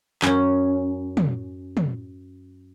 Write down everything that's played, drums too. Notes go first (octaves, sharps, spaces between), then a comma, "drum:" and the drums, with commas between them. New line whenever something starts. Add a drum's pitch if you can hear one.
F#2 C#4, drum: clap
drum: tom
drum: tom